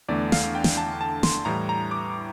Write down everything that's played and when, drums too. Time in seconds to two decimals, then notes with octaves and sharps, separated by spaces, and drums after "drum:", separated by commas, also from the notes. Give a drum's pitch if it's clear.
0.09 E2 D3 A3 D5
0.32 F5, drum: snare
0.55 G5
0.64 drum: snare
0.77 A5
1.01 A5
1.23 C6, drum: snare
1.45 A2 E3 G3 A#5
1.69 A#5
1.91 D6